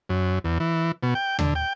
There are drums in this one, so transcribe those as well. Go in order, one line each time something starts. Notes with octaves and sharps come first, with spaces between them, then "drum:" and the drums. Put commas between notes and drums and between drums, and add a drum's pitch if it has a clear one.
F#2
E2
E3
B2
G5
D3, drum: tom D#2
G5